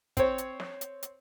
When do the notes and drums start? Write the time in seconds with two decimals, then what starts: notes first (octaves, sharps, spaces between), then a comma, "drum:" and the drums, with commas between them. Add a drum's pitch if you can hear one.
0.17 C4 C#5, drum: kick, hi-hat
0.38 drum: hi-hat
0.60 drum: snare
0.81 drum: hi-hat
1.03 drum: hi-hat